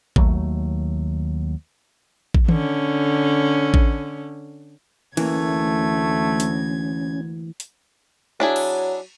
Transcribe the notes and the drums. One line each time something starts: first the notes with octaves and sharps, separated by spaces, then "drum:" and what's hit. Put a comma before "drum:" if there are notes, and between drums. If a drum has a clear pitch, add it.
D#2 F#3 A3, drum: kick A1
drum: kick A1
D3 C#4, drum: tom D#3
drum: kick A1
D2 E3 A3 A#3 C#4 G#6, drum: cymbal
drum: hi-hat
drum: hi-hat
F#3 D4 E4 G#4
drum: cymbal